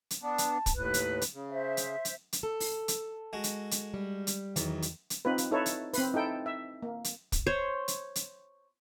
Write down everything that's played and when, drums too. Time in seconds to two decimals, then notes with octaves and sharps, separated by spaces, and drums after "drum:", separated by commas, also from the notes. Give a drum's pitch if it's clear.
0.10 drum: hi-hat
0.23 B3 D4 A5
0.38 drum: hi-hat
0.66 drum: kick, hi-hat
0.76 D#2 A2 B4 F#6
0.94 drum: hi-hat
1.22 drum: hi-hat
1.34 C#3
1.50 C5 E5
1.77 drum: hi-hat
2.05 drum: hi-hat
2.33 drum: hi-hat
2.43 A4
2.60 drum: open hi-hat
2.88 drum: hi-hat
3.33 G#3 F#4
3.44 drum: hi-hat
3.71 drum: hi-hat
3.94 G3
4.27 drum: hi-hat
4.56 E2 D#3 F#3, drum: hi-hat
4.82 drum: hi-hat
5.10 drum: hi-hat
5.25 C4 D#4 F4 B4
5.38 drum: hi-hat
5.51 D#4 E4 A4 B4 C#5
5.66 drum: hi-hat
5.93 C4 B4, drum: open hi-hat
6.14 D#4 E4 A4 G5
6.46 E5
6.83 A#3
7.04 drum: hi-hat
7.32 drum: kick, hi-hat
7.47 C5 C#5
7.88 drum: hi-hat
8.16 drum: hi-hat